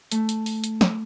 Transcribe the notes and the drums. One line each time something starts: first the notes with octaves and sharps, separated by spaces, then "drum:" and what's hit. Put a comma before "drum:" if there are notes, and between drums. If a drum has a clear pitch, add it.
A3, drum: hi-hat
drum: hi-hat
drum: open hi-hat
drum: hi-hat
drum: snare